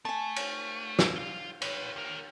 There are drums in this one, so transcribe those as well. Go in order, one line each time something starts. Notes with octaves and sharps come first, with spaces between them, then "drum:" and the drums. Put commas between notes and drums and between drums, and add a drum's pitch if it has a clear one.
A3 G#5 A5
drum: cymbal
drum: snare
F4 F5
B4 C#5, drum: cymbal
D#2 A#4